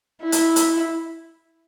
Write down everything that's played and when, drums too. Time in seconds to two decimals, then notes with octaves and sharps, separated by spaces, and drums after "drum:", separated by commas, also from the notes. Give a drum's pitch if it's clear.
0.23 E4
0.32 drum: hi-hat
0.56 drum: hi-hat